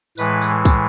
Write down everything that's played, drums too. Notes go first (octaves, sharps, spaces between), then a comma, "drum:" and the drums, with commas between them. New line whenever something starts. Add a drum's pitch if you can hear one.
A2 E3 G#3 B4, drum: tambourine
drum: tambourine
drum: kick, tambourine